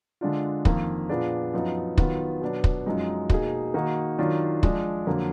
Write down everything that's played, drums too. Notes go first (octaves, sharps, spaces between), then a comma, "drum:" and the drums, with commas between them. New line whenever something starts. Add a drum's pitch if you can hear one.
D3 G#3 D4 F4
F2 D#3 A#3, drum: kick
A#2 F3 B3 D4 G#4
F#2 F3 B3 D#4
D#3 F#3 B3 F4, drum: kick
B2 F#3 B3 D4
drum: kick
F#2 F3 G#3 D#4
B2 A#3 D#4 G#4, drum: kick
D#3 A#3 D#4 F#4
D#3 F#3 D4 F4
F3 G#3 D4, drum: kick
F2 D3 F#3 A#3